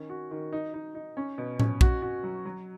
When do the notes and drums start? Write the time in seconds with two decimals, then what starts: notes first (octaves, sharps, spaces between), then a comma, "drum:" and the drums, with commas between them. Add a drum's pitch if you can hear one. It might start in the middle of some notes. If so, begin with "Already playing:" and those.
Already playing: D#3 C#4
0.09 F#4
0.31 D#3
0.52 D#4
0.74 D#4
0.95 D#4
1.17 C#4
1.38 B2
1.60 C#4, drum: tom A2
1.81 F#4, drum: kick A#1
2.02 F#4
2.23 F#3
2.45 F#3